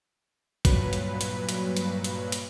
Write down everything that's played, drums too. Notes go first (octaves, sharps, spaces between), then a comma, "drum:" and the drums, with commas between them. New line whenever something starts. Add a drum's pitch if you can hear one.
G2 A#2 F#3 B4, drum: kick, hi-hat
drum: hi-hat
drum: hi-hat
drum: hi-hat
drum: hi-hat
drum: hi-hat
drum: hi-hat